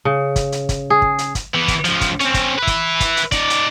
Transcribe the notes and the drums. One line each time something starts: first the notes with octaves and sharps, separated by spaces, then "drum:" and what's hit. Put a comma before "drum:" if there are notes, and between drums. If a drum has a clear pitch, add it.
C#3
drum: kick, hi-hat
drum: hi-hat
drum: kick, hi-hat
G#4
drum: kick
drum: hi-hat
drum: kick, hi-hat
E3 B3
drum: kick, hi-hat
C#2 F3, drum: hi-hat
drum: kick, hi-hat
C4 C#4, drum: hi-hat
drum: kick, hi-hat
B4 E5
drum: kick, hi-hat
drum: kick, hi-hat
drum: hi-hat
D#4 D5, drum: kick, hi-hat
drum: hi-hat